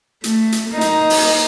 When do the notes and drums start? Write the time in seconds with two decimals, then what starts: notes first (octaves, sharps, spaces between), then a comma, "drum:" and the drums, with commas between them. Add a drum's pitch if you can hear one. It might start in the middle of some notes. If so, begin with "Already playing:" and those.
0.24 A3, drum: hi-hat
0.52 drum: hi-hat
0.71 A#3 D#4
0.81 drum: hi-hat
1.10 drum: open hi-hat